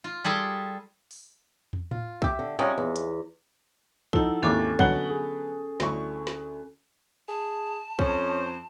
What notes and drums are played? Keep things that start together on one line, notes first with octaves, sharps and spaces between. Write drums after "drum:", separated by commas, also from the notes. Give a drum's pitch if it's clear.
F4
G3 G#4 A4 C6
drum: open hi-hat
drum: tom
F4, drum: tom A2
G4 E5, drum: kick
D3
C3 F3 G3 G#3 C#4
E2
drum: hi-hat
F3 D#4 E4 A4 F#5, drum: kick
G#1 D#2 C#4 E4 A4 G#5 D6
B2 D3 F#3 B3 F#5 G7, drum: kick
G#4
D2 E4 C#6, drum: snare
drum: snare
G#4 A5
F2 C#4 C5, drum: kick